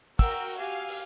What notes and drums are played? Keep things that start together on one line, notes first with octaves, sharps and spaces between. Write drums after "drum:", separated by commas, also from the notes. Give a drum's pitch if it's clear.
F#4 A#4 G5 E6, drum: kick, open hi-hat
G4 F5 G#5
drum: open hi-hat